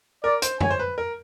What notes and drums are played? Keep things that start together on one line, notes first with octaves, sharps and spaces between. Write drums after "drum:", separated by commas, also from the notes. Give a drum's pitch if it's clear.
A#4 D5
C5, drum: hi-hat
C#5 G#5, drum: tom F#2
C5
B4
A#4